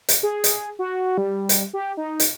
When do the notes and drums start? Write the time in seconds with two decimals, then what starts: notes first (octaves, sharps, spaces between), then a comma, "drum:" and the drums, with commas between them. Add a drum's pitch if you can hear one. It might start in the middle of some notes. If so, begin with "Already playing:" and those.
0.09 drum: hi-hat
0.23 G#4
0.44 drum: hi-hat
0.79 F#4
1.18 G3
1.49 drum: hi-hat
1.73 G4
1.97 D#4
2.20 drum: hi-hat